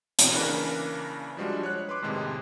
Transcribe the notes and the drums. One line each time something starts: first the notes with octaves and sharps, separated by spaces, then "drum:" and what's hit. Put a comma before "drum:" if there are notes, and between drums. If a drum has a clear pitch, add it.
B2 E3, drum: hi-hat
C#3 E3 A#3 D4 A#4 B4
F3 G3 G#3 D4 F#4
C#5 F#6
B4 C6 D6
D#2 A2 C3 G#3